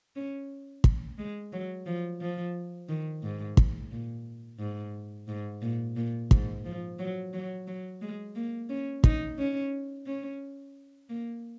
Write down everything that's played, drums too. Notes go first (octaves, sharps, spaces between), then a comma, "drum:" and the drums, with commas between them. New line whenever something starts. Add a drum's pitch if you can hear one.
C#4
drum: kick
G#3
F#3
F3
F3
D#3
G#2
drum: kick
A#2
G#2
G#2
A#2
A#2
G#2, drum: kick
F3
F#3
F#3
F#3
G#3
A#3
C#4
D#4, drum: kick
C#4
C#4
A#3